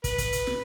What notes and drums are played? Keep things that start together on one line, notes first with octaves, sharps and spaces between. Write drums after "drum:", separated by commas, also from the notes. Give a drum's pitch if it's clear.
B4, drum: kick, hi-hat
drum: kick, hi-hat
drum: hi-hat
drum: snare